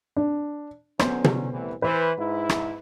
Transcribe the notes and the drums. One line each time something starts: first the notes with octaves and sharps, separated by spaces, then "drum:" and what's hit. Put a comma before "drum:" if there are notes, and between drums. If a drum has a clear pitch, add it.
D4
D3 F#3 B3 C#4 C5, drum: rim click
drum: tom
C2 A2 E3
E3 B4 C5
G#2 E4
drum: rim click